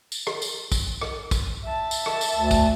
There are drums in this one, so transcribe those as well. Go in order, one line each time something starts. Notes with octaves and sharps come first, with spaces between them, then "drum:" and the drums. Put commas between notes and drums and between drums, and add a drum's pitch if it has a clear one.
drum: tambourine
drum: rim click
drum: tambourine
drum: kick, tambourine
drum: rim click
drum: kick, tambourine
E5 A5
drum: tambourine
drum: rim click
drum: tambourine
D2
drum: kick, tambourine